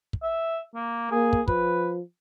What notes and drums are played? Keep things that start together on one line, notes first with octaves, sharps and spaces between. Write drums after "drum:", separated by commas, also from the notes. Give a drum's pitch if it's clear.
drum: kick
E5
A#3
A#3 G#4
drum: kick
F3 B4, drum: kick